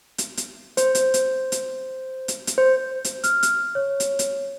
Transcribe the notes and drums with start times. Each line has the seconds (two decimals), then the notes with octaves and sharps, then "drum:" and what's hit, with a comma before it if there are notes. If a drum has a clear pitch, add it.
0.18 drum: hi-hat
0.37 drum: hi-hat
0.77 C5, drum: hi-hat
0.95 drum: hi-hat
1.14 drum: hi-hat
1.52 drum: hi-hat
2.28 drum: hi-hat
2.47 drum: hi-hat
2.58 C5
3.04 drum: hi-hat
3.24 F6, drum: hi-hat
3.43 drum: hi-hat
3.75 C#5
4.00 drum: hi-hat
4.19 drum: hi-hat